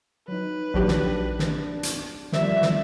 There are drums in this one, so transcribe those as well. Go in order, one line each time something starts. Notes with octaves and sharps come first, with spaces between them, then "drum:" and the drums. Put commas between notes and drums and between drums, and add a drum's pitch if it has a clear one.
F#3 D#4 B4
A#1 F#3 D4 G4
drum: snare
D4, drum: snare
drum: hi-hat
F3 G3 A#4 E5, drum: snare
drum: snare